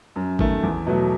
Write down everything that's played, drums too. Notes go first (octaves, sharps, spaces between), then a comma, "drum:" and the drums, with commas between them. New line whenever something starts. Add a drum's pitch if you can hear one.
F#2
D#3 A3, drum: kick G#1
E2
B2 F#3 A3